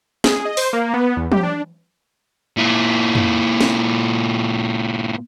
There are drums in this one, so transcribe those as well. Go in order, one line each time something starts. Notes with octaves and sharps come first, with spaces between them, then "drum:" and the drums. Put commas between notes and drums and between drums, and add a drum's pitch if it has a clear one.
G#4, drum: snare
D#5
C5, drum: open hi-hat
A#3
B3
E2
G4, drum: tom
D4
A#2 E4
drum: tom
drum: snare